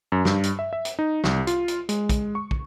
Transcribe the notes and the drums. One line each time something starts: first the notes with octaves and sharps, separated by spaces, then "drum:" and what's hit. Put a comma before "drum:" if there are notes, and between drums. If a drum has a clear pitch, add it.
F#2
G2, drum: snare
drum: hi-hat
E5
E5
drum: hi-hat
D#4
C2, drum: snare
F4, drum: hi-hat
drum: hi-hat
G#3, drum: hi-hat
drum: kick, hi-hat
C#6
drum: kick